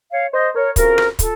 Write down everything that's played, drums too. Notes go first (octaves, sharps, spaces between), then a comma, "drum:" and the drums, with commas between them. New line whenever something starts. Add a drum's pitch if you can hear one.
C#5 F5
C5 D#5
A#4 C#5
F2 C#3 F3 F#4 A#4, drum: kick, hi-hat
drum: rim click
F4 A4, drum: kick, hi-hat